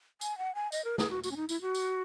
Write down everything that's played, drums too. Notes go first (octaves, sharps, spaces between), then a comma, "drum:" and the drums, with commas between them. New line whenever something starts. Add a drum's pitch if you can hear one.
G#5, drum: tambourine
F#5
G#5
D#5, drum: tambourine
A#4
G#4, drum: snare
F#4
F#4, drum: tambourine
C#4
D#4
E4, drum: tambourine
F#4
drum: tambourine